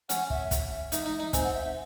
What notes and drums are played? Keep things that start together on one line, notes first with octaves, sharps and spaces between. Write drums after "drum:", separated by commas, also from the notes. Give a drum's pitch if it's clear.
C#4 F#5, drum: hi-hat
E5, drum: kick
E5, drum: kick, hi-hat
D#4 E5, drum: hi-hat
D#4
D#4
C4 G#5, drum: kick, hi-hat
F#5
E5
E5